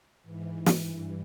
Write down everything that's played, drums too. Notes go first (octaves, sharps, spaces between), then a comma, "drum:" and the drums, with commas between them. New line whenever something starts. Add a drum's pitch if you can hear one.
G#2 E3
drum: snare
G2 E3